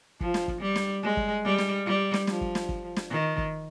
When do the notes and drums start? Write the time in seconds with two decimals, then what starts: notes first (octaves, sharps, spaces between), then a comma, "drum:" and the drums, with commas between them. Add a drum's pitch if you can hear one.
0.21 F3, drum: kick
0.34 drum: snare
0.48 drum: kick
0.61 G3
0.76 drum: snare
1.03 G#3
1.17 drum: kick
1.45 G3
1.58 drum: snare
1.86 G3
2.14 drum: snare
2.27 F3, drum: snare
2.41 drum: kick
2.55 drum: snare
2.69 drum: kick
2.96 drum: snare
3.10 D#3
3.38 drum: kick